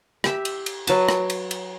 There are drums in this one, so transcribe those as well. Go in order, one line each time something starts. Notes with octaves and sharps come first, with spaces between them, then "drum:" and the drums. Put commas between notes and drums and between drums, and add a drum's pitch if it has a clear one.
G4 E5, drum: rim click
drum: cymbal
drum: cymbal
F#3 B4 A5, drum: cymbal
drum: rim click
drum: cymbal
drum: cymbal